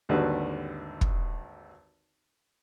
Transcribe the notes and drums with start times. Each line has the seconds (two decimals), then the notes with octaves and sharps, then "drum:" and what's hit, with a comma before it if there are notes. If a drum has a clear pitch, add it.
0.09 G#1 D#2 D3 G3 F#4 B4
1.01 drum: kick